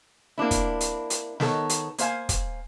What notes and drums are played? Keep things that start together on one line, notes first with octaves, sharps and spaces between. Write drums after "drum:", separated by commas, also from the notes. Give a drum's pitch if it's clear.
A#3 C4 D4 E4
drum: kick, hi-hat
drum: hi-hat
drum: hi-hat
D#3 B3 A4 C#5, drum: snare
drum: hi-hat
A#3 C5 F5 G#5, drum: hi-hat
drum: kick, hi-hat